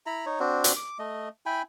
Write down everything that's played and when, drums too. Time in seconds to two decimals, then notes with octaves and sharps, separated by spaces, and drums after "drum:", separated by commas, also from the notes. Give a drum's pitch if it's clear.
0.06 E4 A#5 B5
0.26 D#4 C#5
0.40 C4 D4 F#4
0.64 drum: hi-hat
0.76 D6
0.99 A3 D#5
1.46 E4 G5 G#5 B5